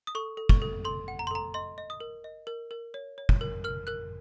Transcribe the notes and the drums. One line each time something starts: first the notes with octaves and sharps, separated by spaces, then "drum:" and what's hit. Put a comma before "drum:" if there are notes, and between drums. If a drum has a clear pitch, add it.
D#6
A4 C#6
A4
C#6, drum: kick
A4
A4 C6
F#5
A#5
C6
A4 A#5
D#5 C6
D#5
D#6
A#4
D#5
A#4
A#4
C#5
C#5
drum: kick
A#4
A#4 F6
A#4 F#6